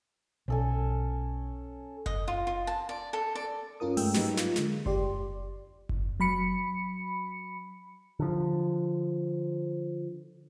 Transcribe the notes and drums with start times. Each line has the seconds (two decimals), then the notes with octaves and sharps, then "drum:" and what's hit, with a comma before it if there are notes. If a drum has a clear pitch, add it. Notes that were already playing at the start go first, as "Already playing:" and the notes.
0.48 B1 C#4 A4 G#5
2.06 D#5, drum: kick F#1
2.28 F4
2.47 F4
2.67 A5
2.89 D5
3.13 A4
3.35 D5
3.80 G2 C#4 F4 A#4 D#6
3.97 G#2 G#3 A3 G5 E6, drum: open hi-hat
4.14 F#3 G3 A#3 D#4 A#4 B4, drum: snare
4.37 F4, drum: snare
4.56 D3 G#3, drum: snare
4.86 G4 D5 C6, drum: kick F#1
5.89 drum: kick F#1
6.20 F#3 B5 C#7
8.19 D3 F3